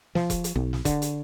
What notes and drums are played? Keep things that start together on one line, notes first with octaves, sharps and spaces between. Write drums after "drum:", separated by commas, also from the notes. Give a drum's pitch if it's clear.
F3, drum: snare
drum: kick E1, hi-hat
drum: hi-hat
B1
drum: snare
D3, drum: kick E1, hi-hat
drum: hi-hat